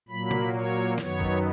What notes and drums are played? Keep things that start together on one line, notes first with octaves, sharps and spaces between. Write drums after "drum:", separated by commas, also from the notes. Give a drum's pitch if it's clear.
A#2 F#3 A#3 B5
drum: tom C3
C#5
F#2 D#3 F#3 B3 C#5, drum: snare
drum: kick